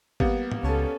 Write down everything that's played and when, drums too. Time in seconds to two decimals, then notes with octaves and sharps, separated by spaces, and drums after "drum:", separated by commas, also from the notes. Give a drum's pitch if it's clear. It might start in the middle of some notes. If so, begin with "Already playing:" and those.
0.20 G3 A#3 B3, drum: kick G#1
0.52 drum: tom G#2
0.63 C#2 C#4 A4 C#5 A5